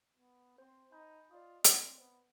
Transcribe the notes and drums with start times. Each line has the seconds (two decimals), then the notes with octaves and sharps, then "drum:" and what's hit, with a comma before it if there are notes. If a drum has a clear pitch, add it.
0.17 B3
0.58 C4 C5 C6
0.92 D#4 G#5 B5 G6
1.31 F4 D5 D#5 D#6
1.65 C4, drum: hi-hat
2.00 B3